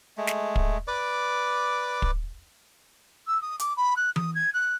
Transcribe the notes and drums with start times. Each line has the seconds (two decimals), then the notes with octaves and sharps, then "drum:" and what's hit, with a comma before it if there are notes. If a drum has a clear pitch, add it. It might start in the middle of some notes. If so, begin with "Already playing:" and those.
0.17 G#3 A3
0.27 drum: snare
0.56 drum: kick
0.88 B4 D5 D6
2.02 drum: kick
3.27 E6
3.42 D#6
3.59 D6, drum: hi-hat
3.77 B5
3.96 F#6
4.16 D#6, drum: tom E3
4.35 G#6
4.54 F#6